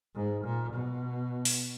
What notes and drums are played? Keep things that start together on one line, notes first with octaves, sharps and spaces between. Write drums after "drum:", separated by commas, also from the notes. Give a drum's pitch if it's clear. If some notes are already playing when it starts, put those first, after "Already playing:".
G#2
A#2
B2
drum: open hi-hat